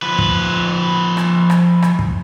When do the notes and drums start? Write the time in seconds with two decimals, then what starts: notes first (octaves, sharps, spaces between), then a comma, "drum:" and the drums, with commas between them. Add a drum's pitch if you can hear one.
0.02 F3 B4
0.18 drum: kick
1.17 drum: rim click
1.50 drum: rim click
1.82 drum: rim click
1.99 drum: kick